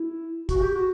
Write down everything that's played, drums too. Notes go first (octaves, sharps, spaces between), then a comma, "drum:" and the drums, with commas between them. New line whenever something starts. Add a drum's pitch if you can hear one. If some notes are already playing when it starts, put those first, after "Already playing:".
Already playing: E4
F#4, drum: kick, hi-hat
G4
F#4